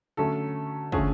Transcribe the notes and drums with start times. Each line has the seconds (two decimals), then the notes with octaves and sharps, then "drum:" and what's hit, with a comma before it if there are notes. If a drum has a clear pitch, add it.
0.17 D3 F#3 A3 C#4 A4
0.92 D3 F3 A3 C#4 G#4, drum: kick